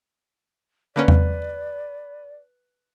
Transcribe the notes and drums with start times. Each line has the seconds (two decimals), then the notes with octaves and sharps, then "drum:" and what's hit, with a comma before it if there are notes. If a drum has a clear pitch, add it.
0.96 D3 A#3 C#4 B4 D5
1.08 drum: tom E2